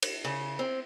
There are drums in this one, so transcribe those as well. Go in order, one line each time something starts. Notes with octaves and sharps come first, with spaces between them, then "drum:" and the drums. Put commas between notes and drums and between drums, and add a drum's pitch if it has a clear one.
drum: cymbal
C#3
C4